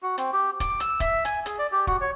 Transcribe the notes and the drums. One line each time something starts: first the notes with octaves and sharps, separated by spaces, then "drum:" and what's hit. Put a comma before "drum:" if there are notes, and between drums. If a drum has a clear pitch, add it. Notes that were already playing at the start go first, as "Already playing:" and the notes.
F#4
C4, drum: hi-hat
G4
D6, drum: kick, hi-hat
E6, drum: hi-hat
E5, drum: kick, hi-hat
G#5, drum: hi-hat
G#4, drum: hi-hat
D5
G4
F#4, drum: kick
C#5